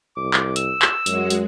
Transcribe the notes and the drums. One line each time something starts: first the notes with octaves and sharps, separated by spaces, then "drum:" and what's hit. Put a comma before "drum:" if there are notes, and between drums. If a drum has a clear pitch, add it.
C2 D6
drum: clap
E6, drum: hi-hat
drum: clap
F#2 G#3 F#4, drum: hi-hat
drum: hi-hat